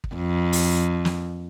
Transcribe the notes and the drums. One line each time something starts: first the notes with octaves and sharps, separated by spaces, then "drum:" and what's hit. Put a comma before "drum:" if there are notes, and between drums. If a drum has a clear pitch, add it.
drum: kick
F2
drum: open hi-hat
drum: snare